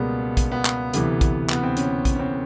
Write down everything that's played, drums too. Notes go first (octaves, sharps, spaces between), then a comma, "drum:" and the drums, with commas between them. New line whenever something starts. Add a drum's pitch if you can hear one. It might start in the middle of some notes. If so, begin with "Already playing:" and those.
Already playing: C#2 B2 G3 G#3 A#3 B3
drum: kick A#1, hi-hat
B3
drum: clap
D2 C3 E3, drum: hi-hat
drum: kick A#1, hi-hat
B3, drum: clap
C4
C#4, drum: hi-hat
drum: kick A#1, hi-hat
C#4
C4